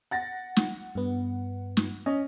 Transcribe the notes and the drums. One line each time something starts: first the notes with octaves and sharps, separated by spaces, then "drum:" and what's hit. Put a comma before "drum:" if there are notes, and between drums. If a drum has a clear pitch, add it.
F#5 A6 A#6
drum: snare
G2 B3
drum: snare
C#4 D#5